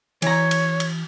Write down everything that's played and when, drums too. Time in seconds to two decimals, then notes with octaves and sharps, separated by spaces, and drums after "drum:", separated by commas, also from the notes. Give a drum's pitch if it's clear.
0.22 E3 C#5 A#5, drum: cymbal
0.51 drum: cymbal
0.80 drum: cymbal